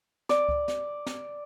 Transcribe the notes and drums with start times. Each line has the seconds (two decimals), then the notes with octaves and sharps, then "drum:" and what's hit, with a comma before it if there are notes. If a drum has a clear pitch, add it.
0.29 D5, drum: snare
0.49 drum: kick C#2
0.68 drum: snare
1.07 drum: snare